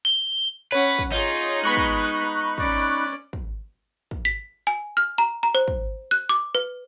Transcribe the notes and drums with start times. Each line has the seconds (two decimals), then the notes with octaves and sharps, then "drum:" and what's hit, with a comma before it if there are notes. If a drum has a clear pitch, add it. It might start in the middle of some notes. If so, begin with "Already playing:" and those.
0.05 G7
0.72 C#4 B4 C#5 F#5
0.99 drum: kick
1.12 D#4 F4 G#4
1.64 G#3 B3 B5 C#6 F#6
1.77 drum: kick
2.58 C#4 D5, drum: kick
3.33 drum: kick
4.11 drum: kick
4.25 B6
4.67 G#5
4.97 F6
5.18 A#5
5.43 A#5
5.55 C5
5.68 drum: kick
6.11 F#6
6.29 D6
6.55 B4